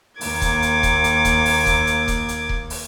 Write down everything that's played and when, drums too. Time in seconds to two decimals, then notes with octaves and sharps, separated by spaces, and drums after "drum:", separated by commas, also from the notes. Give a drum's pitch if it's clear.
0.21 D#2 A#3 D6 G#6, drum: open hi-hat
0.42 drum: kick C#1, hi-hat
0.62 drum: hi-hat
0.83 drum: kick C#1, hi-hat
1.04 drum: hi-hat
1.25 drum: kick C#1, hi-hat
1.45 drum: open hi-hat
1.66 drum: kick C#1, hi-hat
1.87 drum: hi-hat
2.08 drum: kick C#1, hi-hat
2.29 drum: hi-hat
2.49 drum: kick C#1
2.70 drum: open hi-hat